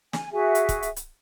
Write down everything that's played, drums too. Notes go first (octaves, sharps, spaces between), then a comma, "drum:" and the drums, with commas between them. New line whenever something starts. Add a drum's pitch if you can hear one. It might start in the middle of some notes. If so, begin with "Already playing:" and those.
G#5, drum: snare
F#4 G#4 E5 G#5
drum: hi-hat
drum: kick, hi-hat
drum: hi-hat
drum: hi-hat